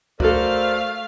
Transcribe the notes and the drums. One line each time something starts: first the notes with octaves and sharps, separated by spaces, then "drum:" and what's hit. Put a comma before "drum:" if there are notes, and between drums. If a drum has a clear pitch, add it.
A3 F#4 A4 A#4 C5 D5 F5, drum: kick C#2